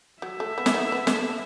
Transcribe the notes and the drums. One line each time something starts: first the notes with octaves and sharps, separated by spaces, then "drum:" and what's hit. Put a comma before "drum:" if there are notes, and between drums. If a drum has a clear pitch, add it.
F#3 E5
A3
B3
E4, drum: snare
B3 D#4
B3
B3, drum: snare
A3